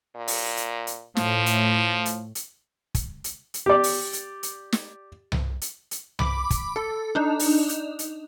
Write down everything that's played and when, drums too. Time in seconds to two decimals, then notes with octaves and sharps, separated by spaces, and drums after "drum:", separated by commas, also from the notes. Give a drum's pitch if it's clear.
0.15 A#2
0.28 drum: open hi-hat
0.57 drum: hi-hat
0.87 drum: hi-hat
1.17 A2 F3, drum: snare
1.46 drum: hi-hat
2.06 drum: hi-hat
2.35 drum: hi-hat
2.95 drum: kick, hi-hat
3.24 drum: hi-hat
3.54 drum: hi-hat
3.66 G4 D5
3.83 drum: open hi-hat
4.13 drum: hi-hat
4.43 drum: hi-hat
4.72 drum: snare
5.32 drum: tom C2
5.61 drum: hi-hat
5.91 drum: hi-hat
6.19 B5 D6, drum: tom C2
6.50 drum: kick, hi-hat
6.76 A4
7.15 D4 D#4
7.39 drum: open hi-hat
7.69 drum: hi-hat
7.99 drum: hi-hat